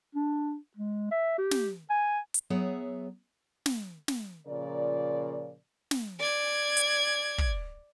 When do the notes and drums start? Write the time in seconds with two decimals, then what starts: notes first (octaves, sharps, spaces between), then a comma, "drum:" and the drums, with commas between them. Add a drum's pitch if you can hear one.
0.15 D4
0.76 G#3
1.11 E5
1.38 G4
1.51 drum: snare
1.90 G#5
2.34 drum: hi-hat
2.50 F#3 B3 G#4 C#5 E5 F#5
3.66 drum: snare
4.08 drum: snare
4.47 A#2 C#3 F3 A#4 D5
5.91 drum: snare
6.19 D5 G#6
6.77 drum: hi-hat
7.38 drum: kick